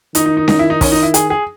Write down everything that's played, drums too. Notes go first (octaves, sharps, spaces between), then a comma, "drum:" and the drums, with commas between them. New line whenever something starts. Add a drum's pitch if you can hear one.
D#3 D#4, drum: hi-hat
D#4
D#4
D#4, drum: snare C#4
E4
D#4
C#4, drum: kick, open hi-hat
D#4
E4
G#4, drum: hi-hat
G#4